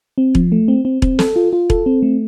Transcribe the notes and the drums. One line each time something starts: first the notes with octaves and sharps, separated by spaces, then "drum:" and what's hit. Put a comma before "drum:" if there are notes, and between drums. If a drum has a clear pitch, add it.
C4
F3, drum: kick E1
A3
C4
C4
C4, drum: kick E1
A4, drum: snare
F4
F4
A4, drum: kick E1
C4
A3